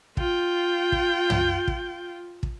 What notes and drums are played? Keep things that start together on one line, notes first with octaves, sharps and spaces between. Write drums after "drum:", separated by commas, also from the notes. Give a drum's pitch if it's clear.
F4 G5, drum: kick
drum: kick
drum: tom
drum: kick
drum: kick